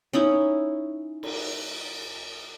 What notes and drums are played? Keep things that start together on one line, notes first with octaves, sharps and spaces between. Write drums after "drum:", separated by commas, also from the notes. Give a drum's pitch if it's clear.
C#4 D#4 E4
drum: cymbal